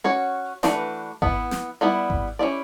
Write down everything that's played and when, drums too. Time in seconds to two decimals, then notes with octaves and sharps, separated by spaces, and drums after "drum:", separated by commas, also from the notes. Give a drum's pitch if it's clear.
0.04 C#4 F#4 C#5
0.63 E3 A3 D4 F#4 B4, drum: snare
1.22 B3 E4 B4, drum: kick G#1
1.51 drum: snare
1.81 G3 B3 E4
2.10 drum: kick G#1
2.39 C#4 E4 G4 D5